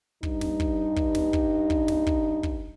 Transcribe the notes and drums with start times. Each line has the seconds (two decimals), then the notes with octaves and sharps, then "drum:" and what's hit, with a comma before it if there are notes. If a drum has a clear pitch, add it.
0.23 G2 D#4, drum: kick
0.41 drum: snare
0.60 drum: kick
0.96 drum: kick
1.15 drum: snare
1.33 drum: kick
1.70 drum: kick
1.88 drum: snare
2.07 drum: kick
2.43 drum: kick